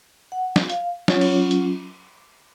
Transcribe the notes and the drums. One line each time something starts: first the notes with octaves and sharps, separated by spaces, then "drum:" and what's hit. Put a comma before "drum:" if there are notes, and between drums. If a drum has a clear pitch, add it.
F#5
drum: snare
F5, drum: hi-hat
F#3 C#4 F4 C#5, drum: snare
drum: cymbal
drum: hi-hat